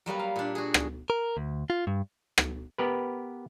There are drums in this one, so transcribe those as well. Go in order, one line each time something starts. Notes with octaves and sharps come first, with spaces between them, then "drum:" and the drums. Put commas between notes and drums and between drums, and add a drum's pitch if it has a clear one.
F#3 G3 A#3 B3
F5
A#2 D4
F#4 G#4
drum: rim click
A#4
D2
F4
G2
drum: rim click
B3 G4 A#4 B4